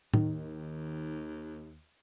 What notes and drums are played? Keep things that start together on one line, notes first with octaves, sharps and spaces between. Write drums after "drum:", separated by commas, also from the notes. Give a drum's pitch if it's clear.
D#2 D#3, drum: tom A2